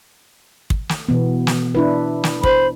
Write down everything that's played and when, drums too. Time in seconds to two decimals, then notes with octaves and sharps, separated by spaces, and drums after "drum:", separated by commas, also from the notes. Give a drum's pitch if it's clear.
0.70 drum: kick
0.89 drum: snare
1.09 B2 E3 B3
1.47 drum: snare
1.75 D4 E4 B4
2.24 drum: snare
2.43 C5 B5, drum: kick